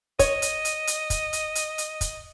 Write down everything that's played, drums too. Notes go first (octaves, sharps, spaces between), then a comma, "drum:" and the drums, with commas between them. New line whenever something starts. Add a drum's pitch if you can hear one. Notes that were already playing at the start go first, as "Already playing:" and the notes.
C#5 D#5, drum: kick, hi-hat
drum: hi-hat
drum: hi-hat
drum: hi-hat
drum: kick, hi-hat
drum: hi-hat
drum: hi-hat
drum: hi-hat
drum: kick, hi-hat